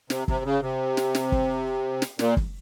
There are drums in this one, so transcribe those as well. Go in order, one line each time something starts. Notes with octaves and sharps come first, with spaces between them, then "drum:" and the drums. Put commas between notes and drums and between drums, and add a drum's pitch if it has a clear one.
C3, drum: snare
C3, drum: kick F#1
C#3
C3
drum: snare
drum: snare
drum: kick F#1
drum: snare
A#2, drum: snare
drum: kick F#1